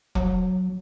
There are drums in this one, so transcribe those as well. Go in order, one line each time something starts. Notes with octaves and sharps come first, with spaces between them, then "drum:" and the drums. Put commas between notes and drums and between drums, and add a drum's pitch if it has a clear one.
F#3, drum: kick F1